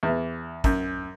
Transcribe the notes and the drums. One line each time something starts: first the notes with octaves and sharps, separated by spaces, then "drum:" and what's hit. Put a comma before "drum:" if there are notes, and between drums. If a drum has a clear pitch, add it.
E2
F#2, drum: kick, hi-hat